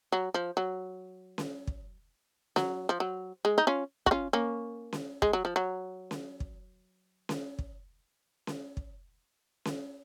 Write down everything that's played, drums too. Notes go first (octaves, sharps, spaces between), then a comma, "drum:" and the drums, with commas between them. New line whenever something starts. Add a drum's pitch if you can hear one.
F#3
F3
F#3
drum: snare C#4
drum: kick
F#3, drum: snare C#4
F3
F#3
G#3
D#4
C#4 F4
F#4, drum: kick
C#4 F4
A#3 C#4
drum: snare C#4
G#3, drum: kick
F#3
F3
F#3
drum: snare C#4
drum: kick
drum: snare C#4
drum: kick
drum: snare C#4
drum: kick
drum: snare C#4